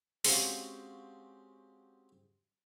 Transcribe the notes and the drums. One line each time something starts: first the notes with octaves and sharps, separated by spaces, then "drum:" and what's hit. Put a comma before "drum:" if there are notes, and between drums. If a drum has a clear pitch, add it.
G#3 C4 C#4 F#4 G4 F5, drum: open hi-hat